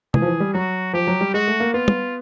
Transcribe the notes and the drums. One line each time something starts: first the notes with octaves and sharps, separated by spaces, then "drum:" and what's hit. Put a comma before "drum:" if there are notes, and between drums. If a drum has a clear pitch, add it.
E3 G#4, drum: tom
F3
E3
G3
F#3 F#4
F3 G4
F#3
G3
G#3 F#4
A3
A#3
B3 F4
drum: tom